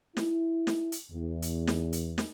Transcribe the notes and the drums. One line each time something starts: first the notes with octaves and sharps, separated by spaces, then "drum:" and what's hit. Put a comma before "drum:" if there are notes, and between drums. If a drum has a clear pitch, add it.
E4, drum: snare
drum: snare
drum: hi-hat
E2
drum: hi-hat
drum: snare
drum: hi-hat
drum: snare